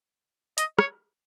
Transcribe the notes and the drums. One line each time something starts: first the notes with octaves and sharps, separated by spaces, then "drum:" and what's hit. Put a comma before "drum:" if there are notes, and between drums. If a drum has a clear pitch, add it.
D#5, drum: hi-hat
C#5, drum: rim click